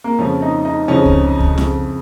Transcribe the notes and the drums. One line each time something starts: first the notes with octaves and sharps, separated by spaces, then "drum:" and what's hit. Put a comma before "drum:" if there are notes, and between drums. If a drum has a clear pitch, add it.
A#3
F2 C#3 F3 C#4
D#4
D#4
F2 C#3 F3 C#4
drum: kick C#2
drum: kick C#2
F2 C#3 F3, drum: snare C#4